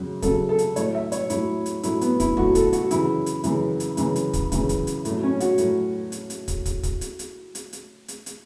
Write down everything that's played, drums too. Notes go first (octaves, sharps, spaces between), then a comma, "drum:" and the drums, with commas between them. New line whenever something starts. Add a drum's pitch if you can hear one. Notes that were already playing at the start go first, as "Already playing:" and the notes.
Already playing: F#2 C#3 F#3
F#2 C#3 F#3 A4, drum: kick, hi-hat
A4
drum: hi-hat
A2 F#3 C#5, drum: hi-hat
E5
C#5, drum: hi-hat
A2 F#3 E4, drum: hi-hat
drum: hi-hat
A2 F#3 E4, drum: hi-hat
B3, drum: hi-hat
E4, drum: kick, hi-hat
A2 F#3 F#4, drum: kick
A4, drum: kick, hi-hat
F#4, drum: hi-hat
F#2 C#3 E3 E4, drum: hi-hat
drum: hi-hat
F#2 C#3 E3, drum: hi-hat
drum: hi-hat
F#2 C#3 E3, drum: hi-hat
drum: hi-hat
drum: kick, hi-hat
F#2 C#3 E3, drum: kick, hi-hat
drum: kick, hi-hat
drum: hi-hat
A2 F#3, drum: hi-hat
C#4
F#4, drum: hi-hat
A2 F#3, drum: hi-hat
drum: hi-hat
drum: hi-hat
drum: kick, hi-hat
drum: kick, hi-hat
drum: kick, hi-hat
drum: hi-hat
drum: hi-hat
drum: hi-hat
drum: hi-hat
drum: hi-hat
drum: hi-hat